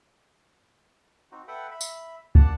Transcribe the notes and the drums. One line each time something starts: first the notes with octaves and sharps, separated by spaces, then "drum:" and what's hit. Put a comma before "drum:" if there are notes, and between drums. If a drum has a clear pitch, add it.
C4 D#4 F#4
A4 B4 E5 F#5 G5 B5
E5 B5
drum: tambourine
A#3 D4 D5 F#5 A5, drum: kick